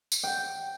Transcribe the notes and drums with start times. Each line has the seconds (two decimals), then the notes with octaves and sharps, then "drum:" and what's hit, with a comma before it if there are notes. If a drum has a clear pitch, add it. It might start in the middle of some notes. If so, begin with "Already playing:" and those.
0.12 drum: tambourine
0.23 G5